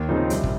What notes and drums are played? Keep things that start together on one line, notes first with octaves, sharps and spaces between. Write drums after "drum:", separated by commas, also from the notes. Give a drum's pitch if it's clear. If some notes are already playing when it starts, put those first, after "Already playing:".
Already playing: D#2
C#3 F3 C4 D#4
C2, drum: hi-hat
drum: kick